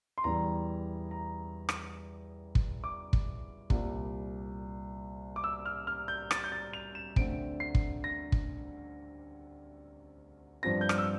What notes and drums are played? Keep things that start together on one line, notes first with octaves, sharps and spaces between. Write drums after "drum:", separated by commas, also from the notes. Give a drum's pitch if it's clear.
C6
E2 E3 G3 A#5
A#5
drum: rim click
drum: kick
D6
drum: kick
C2 A#2 G3, drum: kick
D6
E6
F6
F6
G6
A6, drum: rim click
G6
A6
F7
E7
D2 D3 A3 C4 D7, drum: kick
C7
drum: kick
A#6
drum: kick
G2 F3 C4 A#6
G6
F6, drum: rim click
E6